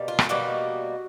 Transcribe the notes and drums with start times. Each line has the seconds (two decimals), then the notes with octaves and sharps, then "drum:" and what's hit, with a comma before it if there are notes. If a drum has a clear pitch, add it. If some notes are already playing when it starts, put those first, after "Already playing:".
Already playing: B2 G3 A#3
0.08 F4
0.19 drum: rim click
0.29 B2 G3 A#3 F#4